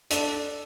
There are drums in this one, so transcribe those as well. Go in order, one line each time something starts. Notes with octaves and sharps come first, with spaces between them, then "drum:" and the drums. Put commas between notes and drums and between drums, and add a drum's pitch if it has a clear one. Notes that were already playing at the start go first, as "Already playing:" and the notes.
D4 A4, drum: hi-hat